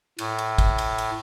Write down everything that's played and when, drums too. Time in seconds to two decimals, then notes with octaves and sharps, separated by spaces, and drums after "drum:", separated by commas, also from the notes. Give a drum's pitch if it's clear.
0.19 A2, drum: cymbal
0.38 drum: cymbal
0.58 drum: kick, cymbal
0.78 drum: cymbal
0.98 drum: cymbal